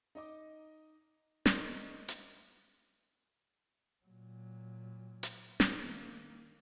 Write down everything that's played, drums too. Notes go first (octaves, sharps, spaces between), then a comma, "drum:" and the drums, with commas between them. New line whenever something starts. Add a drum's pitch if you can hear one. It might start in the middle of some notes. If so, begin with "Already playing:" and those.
D#4 D#5 D6
A#4 D5 D#5 C6 C#6, drum: snare
drum: hi-hat
A#2 F#3
drum: hi-hat
drum: snare
D#3 A#3